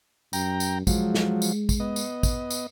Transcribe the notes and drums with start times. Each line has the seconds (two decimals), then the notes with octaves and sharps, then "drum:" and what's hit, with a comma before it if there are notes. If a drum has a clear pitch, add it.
0.33 F#2 G5 A#5, drum: tambourine
0.60 drum: tambourine
0.87 F3 F#3 G#3, drum: kick, tambourine
1.15 drum: snare
1.42 drum: tambourine
1.69 drum: kick, tambourine
1.80 B3 D#5
1.96 drum: tambourine
2.23 drum: kick, tambourine
2.50 drum: tambourine